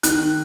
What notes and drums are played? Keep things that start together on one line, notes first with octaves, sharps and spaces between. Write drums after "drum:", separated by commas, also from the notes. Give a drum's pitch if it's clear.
D#3 F#6, drum: hi-hat